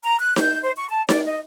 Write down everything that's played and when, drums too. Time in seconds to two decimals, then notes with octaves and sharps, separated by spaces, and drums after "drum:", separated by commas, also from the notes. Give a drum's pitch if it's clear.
0.03 A#5
0.20 F#6
0.36 G6, drum: snare D#4
0.64 C5
0.76 C#6
0.88 A5
1.09 D5, drum: snare D#4
1.24 D#5